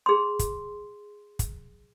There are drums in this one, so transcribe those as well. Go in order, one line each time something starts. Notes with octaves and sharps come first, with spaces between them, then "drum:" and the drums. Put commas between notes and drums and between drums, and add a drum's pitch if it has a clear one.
G#4 C6
drum: kick, hi-hat
drum: kick, hi-hat